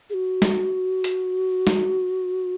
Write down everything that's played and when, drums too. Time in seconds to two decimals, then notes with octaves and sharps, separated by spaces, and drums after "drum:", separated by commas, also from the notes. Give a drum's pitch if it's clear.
0.10 G#4
0.14 F#4
0.42 drum: snare
1.04 drum: hi-hat
1.67 drum: snare